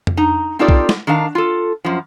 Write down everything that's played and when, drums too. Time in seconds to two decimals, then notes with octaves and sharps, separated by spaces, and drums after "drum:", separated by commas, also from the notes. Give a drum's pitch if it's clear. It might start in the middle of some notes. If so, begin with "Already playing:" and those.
0.07 drum: tom F2
0.17 D#4 A#5
0.59 C4 D#4 F4 G4 A4 D5
0.69 drum: kick B1
0.89 drum: snare
1.07 D#3 D4 A#4 F5 A5
1.35 F4 A4
1.85 F#2 F3